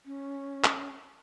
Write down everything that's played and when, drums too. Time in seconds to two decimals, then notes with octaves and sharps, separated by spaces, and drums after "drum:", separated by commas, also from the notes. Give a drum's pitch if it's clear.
0.05 C#4
0.64 drum: clap